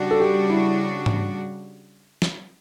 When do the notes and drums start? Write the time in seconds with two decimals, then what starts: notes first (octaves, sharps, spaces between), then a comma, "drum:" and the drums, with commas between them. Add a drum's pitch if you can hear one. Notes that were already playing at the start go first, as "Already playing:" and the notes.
Already playing: C#3 G3 D4 F#4
0.11 A4
0.20 G4
0.50 E4
1.06 drum: tom G#2
2.22 drum: snare